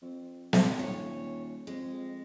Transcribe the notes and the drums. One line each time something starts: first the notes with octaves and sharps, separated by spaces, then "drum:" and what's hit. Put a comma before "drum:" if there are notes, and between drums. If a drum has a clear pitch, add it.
F2
drum: snare
D#1 C#5
F2 G#3